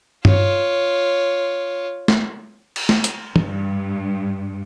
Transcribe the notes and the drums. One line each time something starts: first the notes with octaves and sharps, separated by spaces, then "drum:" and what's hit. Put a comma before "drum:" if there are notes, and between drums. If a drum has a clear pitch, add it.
F4 C#5, drum: tom
drum: snare
drum: cymbal
drum: snare
drum: hi-hat
G2, drum: tom